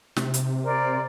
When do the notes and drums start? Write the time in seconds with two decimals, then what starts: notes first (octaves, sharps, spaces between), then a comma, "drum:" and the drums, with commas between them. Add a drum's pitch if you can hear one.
0.16 C3, drum: snare
0.34 drum: hi-hat
0.63 A#4 C5 D5